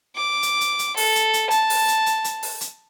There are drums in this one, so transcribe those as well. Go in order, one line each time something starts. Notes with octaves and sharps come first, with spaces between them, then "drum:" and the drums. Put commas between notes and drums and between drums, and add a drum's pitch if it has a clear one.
D6
drum: hi-hat
drum: hi-hat
drum: hi-hat
A4, drum: open hi-hat
drum: hi-hat
drum: hi-hat
A5, drum: hi-hat
drum: open hi-hat
drum: hi-hat
drum: hi-hat
drum: hi-hat
drum: open hi-hat
drum: hi-hat